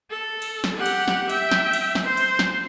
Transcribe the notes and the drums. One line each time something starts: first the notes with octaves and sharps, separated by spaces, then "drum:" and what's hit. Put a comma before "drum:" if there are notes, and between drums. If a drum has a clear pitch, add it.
A4
drum: cymbal
drum: snare
G4 F#5
drum: cymbal
drum: snare
E5 G5, drum: cymbal
drum: snare
drum: cymbal
drum: snare
C5
drum: cymbal
drum: snare